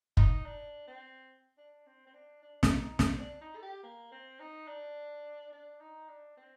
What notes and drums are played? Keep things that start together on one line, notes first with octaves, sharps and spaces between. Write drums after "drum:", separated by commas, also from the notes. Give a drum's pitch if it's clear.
D#4, drum: kick
D4
C4
D4
C4
C4
D4
D4
D4, drum: snare
D#4
C4, drum: snare
D4
D#4
A4
G4
A#3
C4
D#4
D4
D4
D#4
D4
C4